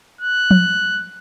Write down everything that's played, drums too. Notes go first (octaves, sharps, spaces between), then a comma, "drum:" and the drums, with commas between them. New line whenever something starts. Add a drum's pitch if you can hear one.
F#6
drum: tom F3